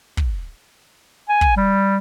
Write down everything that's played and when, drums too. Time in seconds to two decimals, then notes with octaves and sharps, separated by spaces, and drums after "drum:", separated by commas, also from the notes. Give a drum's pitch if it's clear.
0.17 drum: kick
1.29 G#5
1.41 drum: kick
1.57 G3